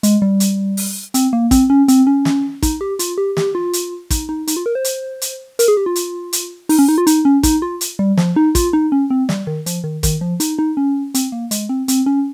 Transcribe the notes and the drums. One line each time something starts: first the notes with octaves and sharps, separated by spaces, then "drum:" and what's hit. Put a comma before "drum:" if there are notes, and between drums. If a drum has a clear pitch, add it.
G#3, drum: hi-hat
G3
drum: hi-hat
drum: open hi-hat
C4, drum: hi-hat
A#3
C4, drum: kick, hi-hat
C#4
C4, drum: hi-hat
C#4
drum: snare
D#4, drum: kick, hi-hat
G4
F4, drum: hi-hat
G4
G4, drum: snare
F4
drum: hi-hat
D#4, drum: kick, hi-hat
D#4
D#4, drum: hi-hat
F4
A#4
C5
drum: hi-hat
drum: hi-hat
A#4, drum: hi-hat
G#4
G4
F4
drum: hi-hat
drum: hi-hat
D#4, drum: open hi-hat
C#4
D#4
F4
D#4, drum: hi-hat
C#4
D#4, drum: kick, hi-hat
F4
drum: hi-hat
G3
F3, drum: snare
D#4
F4, drum: kick, hi-hat
D#4
C#4
C4
G3, drum: snare
D#3
F3, drum: hi-hat
D#3
D#3, drum: kick, hi-hat
F3
D#4, drum: hi-hat
D#4
C#4
C4, drum: hi-hat
A#3
G#3, drum: hi-hat
C4
C4, drum: hi-hat
C#4